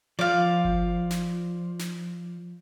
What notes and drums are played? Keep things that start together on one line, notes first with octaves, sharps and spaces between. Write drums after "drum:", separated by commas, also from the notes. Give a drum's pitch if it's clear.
F3 D5 F5
drum: kick G1
drum: snare
drum: snare